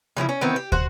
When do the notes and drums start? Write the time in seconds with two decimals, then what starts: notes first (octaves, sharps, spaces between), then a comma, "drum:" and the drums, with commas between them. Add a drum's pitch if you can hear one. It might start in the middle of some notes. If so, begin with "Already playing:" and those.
0.17 C#3 F3 B3 E4
0.29 C#4
0.41 D#3 E3 B3 C4
0.56 G4
0.72 F#4 C5 F#5, drum: kick